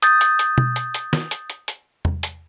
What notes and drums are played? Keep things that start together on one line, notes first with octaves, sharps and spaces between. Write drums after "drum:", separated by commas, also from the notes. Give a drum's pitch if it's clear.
D#6 G6 A6, drum: hi-hat
drum: hi-hat
drum: hi-hat
drum: tom B2
drum: hi-hat
drum: hi-hat
drum: snare
drum: hi-hat
drum: hi-hat
drum: hi-hat
drum: tom E2
drum: hi-hat